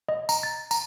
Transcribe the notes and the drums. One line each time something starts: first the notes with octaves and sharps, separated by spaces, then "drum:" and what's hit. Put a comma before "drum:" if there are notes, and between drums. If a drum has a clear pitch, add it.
D#5
A#5, drum: tambourine
A6
A#5, drum: tambourine